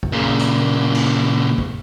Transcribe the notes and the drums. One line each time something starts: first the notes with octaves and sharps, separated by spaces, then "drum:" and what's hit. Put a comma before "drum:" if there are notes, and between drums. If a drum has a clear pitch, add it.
drum: kick
A#2 C#3
drum: hi-hat
drum: cymbal
drum: kick